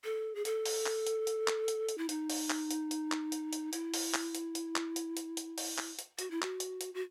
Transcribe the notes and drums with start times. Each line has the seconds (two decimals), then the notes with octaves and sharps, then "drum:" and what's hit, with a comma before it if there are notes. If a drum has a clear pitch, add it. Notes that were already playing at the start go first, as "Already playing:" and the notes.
0.04 A4
0.35 G#4
0.45 A4, drum: hi-hat
0.65 drum: open hi-hat
0.86 drum: clap
1.07 drum: hi-hat
1.27 drum: hi-hat
1.48 drum: clap
1.68 drum: hi-hat
1.89 drum: hi-hat
1.98 E4
2.09 D#4, drum: hi-hat
2.30 drum: open hi-hat
2.50 drum: clap
2.71 drum: hi-hat
2.91 drum: hi-hat
3.12 drum: clap
3.32 drum: hi-hat
3.53 drum: hi-hat
3.73 E4, drum: hi-hat
3.94 drum: open hi-hat
4.14 drum: clap
4.35 drum: hi-hat
4.55 drum: hi-hat
4.76 drum: clap
4.96 drum: hi-hat
5.17 drum: hi-hat
5.37 drum: hi-hat
5.58 drum: open hi-hat
5.78 drum: clap
5.99 drum: hi-hat
6.19 F#4, drum: hi-hat
6.31 E4
6.42 F#4, drum: clap
6.60 drum: hi-hat
6.81 drum: hi-hat
6.94 F#4